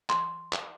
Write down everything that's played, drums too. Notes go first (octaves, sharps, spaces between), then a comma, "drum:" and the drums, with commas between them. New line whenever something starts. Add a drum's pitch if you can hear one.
C6, drum: clap
drum: clap